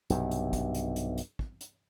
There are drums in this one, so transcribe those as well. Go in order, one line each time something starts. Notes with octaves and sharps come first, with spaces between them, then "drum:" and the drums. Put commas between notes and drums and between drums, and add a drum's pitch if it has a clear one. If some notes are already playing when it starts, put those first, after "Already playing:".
B1 G2 C3, drum: hi-hat
drum: hi-hat
drum: kick, hi-hat
drum: hi-hat
drum: hi-hat
drum: hi-hat
drum: kick
drum: hi-hat